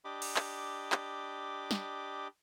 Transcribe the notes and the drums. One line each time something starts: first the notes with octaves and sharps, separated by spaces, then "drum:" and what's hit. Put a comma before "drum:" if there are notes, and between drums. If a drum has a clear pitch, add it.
D4 G4 D#5 B5 D6
drum: cymbal
drum: clap
drum: clap
drum: snare